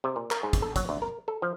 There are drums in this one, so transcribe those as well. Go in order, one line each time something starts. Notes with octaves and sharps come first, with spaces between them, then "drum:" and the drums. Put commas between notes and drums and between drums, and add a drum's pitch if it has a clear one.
C3
A#2
A#4, drum: clap
G#2
drum: kick, hi-hat
A4
F#3, drum: kick, hi-hat
D2
A#4
A4
F3